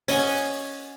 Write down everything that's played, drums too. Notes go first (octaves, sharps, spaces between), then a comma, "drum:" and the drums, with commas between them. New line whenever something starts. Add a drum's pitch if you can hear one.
C#4 D#5 F#5 G#5, drum: open hi-hat